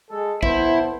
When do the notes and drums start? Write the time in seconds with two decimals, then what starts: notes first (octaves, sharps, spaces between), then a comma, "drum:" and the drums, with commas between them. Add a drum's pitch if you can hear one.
0.10 G#3 A4
0.43 B3 E4 A4 C5, drum: kick G#1